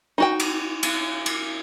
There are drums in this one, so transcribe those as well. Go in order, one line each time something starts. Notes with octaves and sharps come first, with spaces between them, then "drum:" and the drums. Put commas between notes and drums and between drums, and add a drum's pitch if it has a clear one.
D#4 F#4 G5
drum: cymbal
drum: cymbal
drum: cymbal